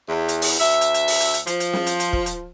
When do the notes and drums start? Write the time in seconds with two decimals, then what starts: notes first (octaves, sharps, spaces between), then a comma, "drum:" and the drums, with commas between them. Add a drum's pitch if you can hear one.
0.09 E2
0.29 drum: hi-hat
0.42 drum: open hi-hat
0.60 D2 E5
0.81 drum: hi-hat
0.94 drum: hi-hat
1.08 drum: open hi-hat
1.21 drum: hi-hat
1.34 drum: hi-hat
1.47 F3, drum: hi-hat
1.60 drum: hi-hat
1.73 drum: snare
1.87 drum: hi-hat
2.00 drum: hi-hat
2.13 drum: kick
2.26 drum: hi-hat